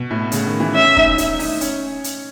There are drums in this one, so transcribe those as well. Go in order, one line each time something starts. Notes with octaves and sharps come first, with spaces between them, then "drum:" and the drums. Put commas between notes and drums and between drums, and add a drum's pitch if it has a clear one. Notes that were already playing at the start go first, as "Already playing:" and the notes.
Already playing: B2
A2
C#3, drum: hi-hat
D#3
E3
C#4 E5
D#4, drum: kick
E4, drum: hi-hat
D#4, drum: open hi-hat
C#4, drum: hi-hat
drum: hi-hat